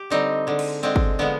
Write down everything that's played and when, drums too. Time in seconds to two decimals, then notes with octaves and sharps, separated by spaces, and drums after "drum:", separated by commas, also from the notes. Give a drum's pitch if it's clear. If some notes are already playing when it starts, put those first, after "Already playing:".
Already playing: G4
0.10 D3 G3 C4 D#4
0.47 D3 G#3
0.59 drum: cymbal
0.83 D3 G#3 C4
0.96 drum: kick G1
1.19 D3 F3 G#3 B3